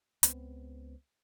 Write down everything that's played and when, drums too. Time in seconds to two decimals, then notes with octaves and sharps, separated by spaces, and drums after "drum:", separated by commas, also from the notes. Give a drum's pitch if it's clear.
0.23 C#2 B3 C4, drum: hi-hat